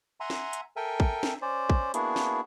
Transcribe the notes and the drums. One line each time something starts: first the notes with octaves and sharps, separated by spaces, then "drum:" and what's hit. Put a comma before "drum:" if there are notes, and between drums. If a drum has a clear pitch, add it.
E5 F#5 G#5 A#5 C6
drum: snare
drum: hi-hat
A4 A#4 E5 G5 G#5
drum: kick
drum: snare
C#4 C5 D5
drum: kick
A#3 B3 D4 E4 F#4 G#4, drum: hi-hat
drum: snare